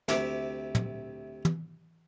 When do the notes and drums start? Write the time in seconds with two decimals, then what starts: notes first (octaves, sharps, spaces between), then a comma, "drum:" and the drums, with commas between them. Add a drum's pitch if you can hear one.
0.08 D2 C3 E5 D6, drum: snare
0.75 drum: tom
1.45 drum: tom